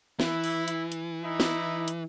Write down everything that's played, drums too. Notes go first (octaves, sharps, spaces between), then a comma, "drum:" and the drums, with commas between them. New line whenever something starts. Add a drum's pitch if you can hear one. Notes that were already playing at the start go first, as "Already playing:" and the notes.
E3 E4, drum: snare
drum: open hi-hat
drum: hi-hat
drum: hi-hat
D#4 E4
drum: snare
drum: hi-hat